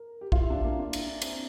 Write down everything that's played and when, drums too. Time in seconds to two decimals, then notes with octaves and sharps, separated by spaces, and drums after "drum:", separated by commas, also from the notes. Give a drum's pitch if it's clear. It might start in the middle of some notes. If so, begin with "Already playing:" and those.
Already playing: A#4
0.21 G4
0.32 F4, drum: kick
0.42 E4
0.50 D4
0.64 A#3
0.80 D4
0.93 E4, drum: cymbal
1.07 D4
1.22 C4, drum: cymbal